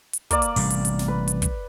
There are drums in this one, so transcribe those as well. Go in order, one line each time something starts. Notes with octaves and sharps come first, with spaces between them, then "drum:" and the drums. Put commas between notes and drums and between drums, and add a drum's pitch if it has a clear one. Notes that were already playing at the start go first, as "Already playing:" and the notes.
drum: hi-hat
A#3 D5, drum: kick, hi-hat
drum: hi-hat
A1 C3 G3, drum: open hi-hat
drum: hi-hat
drum: hi-hat
drum: snare
B4
drum: hi-hat
drum: kick, hi-hat